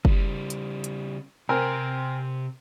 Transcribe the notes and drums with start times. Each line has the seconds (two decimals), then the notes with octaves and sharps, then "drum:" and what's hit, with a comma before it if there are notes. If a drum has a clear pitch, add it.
0.05 C#3 G3, drum: kick
0.50 drum: hi-hat
0.84 drum: hi-hat
1.49 C3 C4 A#4 C5 G#5